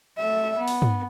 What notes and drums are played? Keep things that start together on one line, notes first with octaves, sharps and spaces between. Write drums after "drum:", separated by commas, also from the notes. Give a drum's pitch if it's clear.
A3 E5
B3
drum: open hi-hat
drum: tom